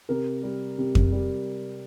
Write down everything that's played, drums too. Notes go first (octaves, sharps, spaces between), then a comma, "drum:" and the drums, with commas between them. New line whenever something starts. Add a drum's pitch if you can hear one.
C3 A#4
G3
C3
drum: kick F2
G3